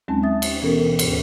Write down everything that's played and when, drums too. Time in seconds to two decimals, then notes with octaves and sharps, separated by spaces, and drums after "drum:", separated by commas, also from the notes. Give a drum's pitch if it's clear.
0.08 D#2 F#3 G#3 C4 C#4 A5
0.23 E5 D#6 A6
0.42 drum: cymbal
0.62 B2 E3 B3 C#4 A4 A#4
0.99 D2 G#2, drum: cymbal